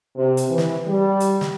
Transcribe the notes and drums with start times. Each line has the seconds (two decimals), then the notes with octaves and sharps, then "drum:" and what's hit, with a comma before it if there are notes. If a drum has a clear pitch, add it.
0.16 C3
0.37 drum: hi-hat
0.49 E3
0.58 drum: snare
0.88 G3
1.20 drum: hi-hat
1.41 drum: snare